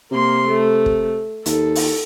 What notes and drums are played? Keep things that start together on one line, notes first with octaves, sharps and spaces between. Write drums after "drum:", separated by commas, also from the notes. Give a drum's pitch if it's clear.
C3 A#3 C6
A3
drum: kick
D#2 A4, drum: hi-hat
drum: open hi-hat